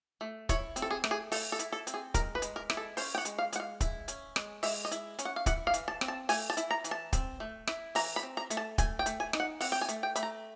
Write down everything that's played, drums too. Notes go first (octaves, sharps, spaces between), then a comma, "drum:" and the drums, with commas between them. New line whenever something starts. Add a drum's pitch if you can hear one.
A3
E4 C#5, drum: kick, hi-hat
C4, drum: hi-hat
A4
G#4
A3, drum: rim click
G#4
A3 A4, drum: open hi-hat
A4
E4, drum: hi-hat
A4
C4, drum: hi-hat
G#4
G#3 A#4, drum: kick, hi-hat
B4
G#3, drum: hi-hat
A#4
E4, drum: rim click
A4
C#4 C5, drum: open hi-hat
G5
F#5
G#3, drum: hi-hat
F5
G#3 F#5, drum: hi-hat
F5
E4, drum: kick, hi-hat
C#4, drum: hi-hat
G#3, drum: rim click
G#3 E5, drum: open hi-hat
D#5
E4, drum: hi-hat
C#4, drum: hi-hat
F#5
F5
E4 F#5, drum: kick, hi-hat
F5
E3, drum: hi-hat
A5
C4, drum: rim click
A5
A3 G#5, drum: open hi-hat
A5
E4, drum: hi-hat
A#5
E3, drum: hi-hat
A5
C4, drum: kick, hi-hat
A3
E4, drum: rim click
E3 A#5, drum: open hi-hat
B5
C4
A#5
A3, drum: hi-hat
A5
A3 G#5, drum: kick, hi-hat
G5
A3, drum: hi-hat
G#5
D#4, drum: rim click
F#5
C4 F#5, drum: open hi-hat
G5
G#5
A3, drum: hi-hat
G5
A3 B5, drum: hi-hat
A#5